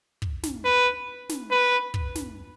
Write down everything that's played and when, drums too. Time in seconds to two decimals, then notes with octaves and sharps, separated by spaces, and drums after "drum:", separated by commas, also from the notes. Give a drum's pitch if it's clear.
0.22 drum: kick
0.43 drum: snare
0.64 B4
1.29 drum: snare
1.51 B4
1.94 drum: kick
2.15 drum: snare